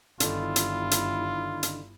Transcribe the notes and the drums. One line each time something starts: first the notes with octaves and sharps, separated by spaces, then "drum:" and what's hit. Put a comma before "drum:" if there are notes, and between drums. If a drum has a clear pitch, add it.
G1 D3 D#3 E4 F4, drum: hi-hat
drum: hi-hat
drum: hi-hat
drum: hi-hat